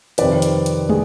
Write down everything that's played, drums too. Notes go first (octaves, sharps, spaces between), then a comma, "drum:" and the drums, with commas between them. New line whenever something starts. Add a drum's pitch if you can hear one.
F2 C3 D#3 B4 D5, drum: hi-hat
drum: hi-hat
drum: hi-hat
G#4, drum: tom